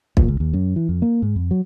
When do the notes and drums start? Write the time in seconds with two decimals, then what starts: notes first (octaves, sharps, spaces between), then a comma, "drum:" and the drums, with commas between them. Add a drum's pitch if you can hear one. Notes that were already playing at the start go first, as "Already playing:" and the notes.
0.17 A#2, drum: kick
0.28 C#2
0.40 D#2
0.53 F#2
0.76 E3
0.89 F2
1.02 A#3
1.22 G#2
1.36 F2
1.51 F#3